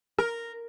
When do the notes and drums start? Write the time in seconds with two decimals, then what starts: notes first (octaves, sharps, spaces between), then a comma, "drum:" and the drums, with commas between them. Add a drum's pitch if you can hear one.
0.19 A#4, drum: rim click